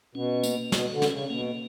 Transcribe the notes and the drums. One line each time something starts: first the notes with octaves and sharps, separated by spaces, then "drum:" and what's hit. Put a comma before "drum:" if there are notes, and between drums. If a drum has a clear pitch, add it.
B2 C#4
A#3, drum: tambourine
B2 F#4, drum: snare
D3
C#4, drum: snare
C#3
B2 A#3